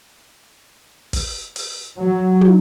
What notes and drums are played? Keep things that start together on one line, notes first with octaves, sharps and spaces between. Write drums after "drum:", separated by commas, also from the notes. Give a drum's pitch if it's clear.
drum: kick, open hi-hat
drum: open hi-hat
F#3
drum: tom